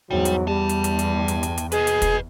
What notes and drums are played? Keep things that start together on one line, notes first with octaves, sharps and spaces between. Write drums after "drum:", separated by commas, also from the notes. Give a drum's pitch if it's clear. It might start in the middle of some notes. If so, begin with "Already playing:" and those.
E2 G#2 F#3 G3
drum: hi-hat
G3 G5 A5
drum: hi-hat
drum: hi-hat
drum: hi-hat
drum: hi-hat
drum: hi-hat
drum: hi-hat
G#4 B4 D#5, drum: hi-hat
drum: hi-hat
drum: kick, hi-hat